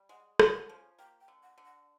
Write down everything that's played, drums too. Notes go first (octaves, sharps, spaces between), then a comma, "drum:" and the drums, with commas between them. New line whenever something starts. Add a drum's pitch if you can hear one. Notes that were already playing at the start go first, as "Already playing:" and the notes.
Already playing: G3
G#3 F#5
C#4, drum: rim click
F#5
F3 A5
G#5
A#3 G5
G5
D3
F#5
D3
F#5